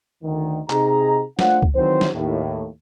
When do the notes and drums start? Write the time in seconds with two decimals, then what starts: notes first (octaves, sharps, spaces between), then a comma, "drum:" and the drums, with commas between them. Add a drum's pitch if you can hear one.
0.23 D2 D#3
0.70 C3 D#4 G#4 A#5, drum: clap
1.39 A3 D4 F4 C5 F#5, drum: snare
1.62 drum: kick C#2
1.76 D#3 E3 F#3 C4 C5
2.01 drum: snare
2.14 D#2 A2